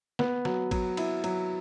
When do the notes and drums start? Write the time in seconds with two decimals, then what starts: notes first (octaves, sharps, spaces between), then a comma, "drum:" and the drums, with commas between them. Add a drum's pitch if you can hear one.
0.19 B3, drum: snare
0.45 F#3, drum: snare
0.71 F#3, drum: kick, cymbal
0.97 E4, drum: cymbal
1.24 F#3, drum: cymbal